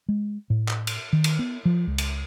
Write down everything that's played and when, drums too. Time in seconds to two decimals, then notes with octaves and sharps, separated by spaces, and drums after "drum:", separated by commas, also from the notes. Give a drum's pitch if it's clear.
0.09 G#3
0.50 A2
0.69 drum: clap
0.87 drum: cymbal
1.13 D#3
1.24 drum: cymbal
1.39 B3
1.65 F3
1.87 C#2
1.98 drum: cymbal